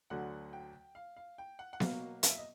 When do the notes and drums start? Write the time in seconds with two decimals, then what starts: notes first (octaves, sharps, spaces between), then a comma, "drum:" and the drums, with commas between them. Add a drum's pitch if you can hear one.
0.10 D2 D3 F#3 F#5
0.53 G5
0.95 F5
1.16 F5
1.38 G5
1.59 F#5
1.73 F#5
1.80 B2 F#3 A#3 F5, drum: snare B3
2.23 F5, drum: hi-hat
2.31 E5
2.38 D#5